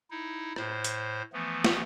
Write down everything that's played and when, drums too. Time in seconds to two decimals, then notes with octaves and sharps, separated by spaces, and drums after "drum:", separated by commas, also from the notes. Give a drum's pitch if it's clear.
0.11 D#4 E4
0.56 A2 C5, drum: rim click
0.84 drum: hi-hat
1.33 E3 F3 A3 B3
1.64 drum: snare